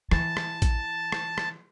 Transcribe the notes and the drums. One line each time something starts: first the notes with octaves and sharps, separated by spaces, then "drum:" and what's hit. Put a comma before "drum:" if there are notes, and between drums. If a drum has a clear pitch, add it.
E3 A5, drum: rim click
drum: rim click
drum: kick A1, hi-hat
drum: rim click
drum: rim click